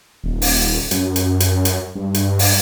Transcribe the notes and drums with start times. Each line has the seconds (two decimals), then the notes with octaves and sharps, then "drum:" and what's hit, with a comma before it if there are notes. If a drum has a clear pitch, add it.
0.24 D#1
0.42 drum: open hi-hat
0.91 F#2, drum: hi-hat
1.16 drum: hi-hat
1.40 drum: hi-hat
1.65 drum: hi-hat
1.96 G2
2.14 drum: hi-hat
2.39 drum: open hi-hat